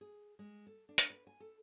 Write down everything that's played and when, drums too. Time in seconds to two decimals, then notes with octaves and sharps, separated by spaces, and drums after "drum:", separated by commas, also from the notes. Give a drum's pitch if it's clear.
0.01 G#4
0.39 G#3
0.67 A4
0.89 D4
0.98 drum: hi-hat
1.10 B4
1.27 G#5
1.40 A4